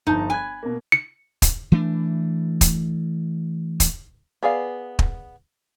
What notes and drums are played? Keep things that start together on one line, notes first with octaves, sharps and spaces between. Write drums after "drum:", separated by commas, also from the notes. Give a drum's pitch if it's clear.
G1 F3 D#4 A5
G#5 B5 F#6 G#6
B2 A#3
C#7
drum: kick, hi-hat
E3 A3 D4
drum: kick, hi-hat
drum: kick, hi-hat
B3 G#4 D5 F5
drum: kick